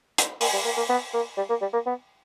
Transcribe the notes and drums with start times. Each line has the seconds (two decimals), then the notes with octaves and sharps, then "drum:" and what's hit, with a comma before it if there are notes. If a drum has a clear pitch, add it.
0.18 drum: hi-hat
0.41 A#3, drum: open hi-hat
0.53 G3
0.65 A#3
0.77 A#3
0.89 B3
1.14 A#3
1.37 G3
1.50 A#3
1.61 G3
1.73 A#3
1.86 B3